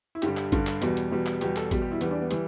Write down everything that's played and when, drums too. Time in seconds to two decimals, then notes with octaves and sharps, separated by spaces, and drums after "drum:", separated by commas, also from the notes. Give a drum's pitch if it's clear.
0.15 E4
0.22 G2 D3 G3 G4, drum: hi-hat
0.37 drum: clap
0.52 G2 D3 G3, drum: kick G#1, hi-hat
0.67 drum: clap
0.82 E2 B2 G3, drum: hi-hat
0.97 drum: hi-hat
1.12 E2 B2 G3
1.27 drum: clap
1.41 E2 B2 G3 G4, drum: hi-hat
1.57 A4, drum: clap
1.71 E2 B2 G3 G4, drum: kick G#1, hi-hat
1.82 G4
1.91 E4
2.01 E2 E3 G3 B3, drum: hi-hat
2.11 D4
2.21 B3
2.31 E3 G3, drum: hi-hat